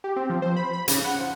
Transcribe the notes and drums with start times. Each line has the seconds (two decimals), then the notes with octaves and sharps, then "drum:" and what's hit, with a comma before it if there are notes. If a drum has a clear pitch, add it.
0.04 G4
0.16 C4
0.30 F3
0.42 C5
0.57 B5
0.73 B5
0.88 C#3, drum: hi-hat
1.04 F#5
1.20 F3